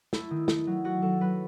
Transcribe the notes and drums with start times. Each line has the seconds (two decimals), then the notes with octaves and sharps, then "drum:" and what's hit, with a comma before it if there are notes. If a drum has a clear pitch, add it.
0.13 A3 E4, drum: snare
0.31 D#3
0.48 A3, drum: snare
0.67 F#3
0.84 A3 F#4
1.02 F#3 A4
1.20 F#3 B4